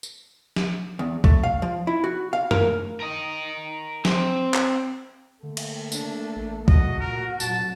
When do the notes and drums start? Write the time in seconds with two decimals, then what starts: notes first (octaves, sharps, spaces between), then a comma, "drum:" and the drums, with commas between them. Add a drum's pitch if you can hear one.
0.03 drum: tambourine
0.56 drum: snare
0.99 E2
1.24 A3, drum: kick C2
1.43 F5
1.62 F3
1.87 E4
2.04 F#4
2.33 F5
2.51 A#4, drum: tom F#2
3.00 A#4 D#5
4.05 C4, drum: snare
4.54 drum: clap
5.43 D3 A3 A#3
5.57 drum: cymbal
5.92 D4, drum: tambourine
6.36 A1
6.68 C#3 F#4 D#5, drum: kick C2
7.00 A#2 A#4
7.40 F1 A#2 F#3 A5, drum: tambourine